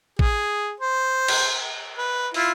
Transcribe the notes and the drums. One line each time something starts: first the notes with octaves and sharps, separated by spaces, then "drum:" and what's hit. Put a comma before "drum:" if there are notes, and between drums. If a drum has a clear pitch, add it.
G#4, drum: kick
C5
drum: cymbal
B4
E4 F4, drum: open hi-hat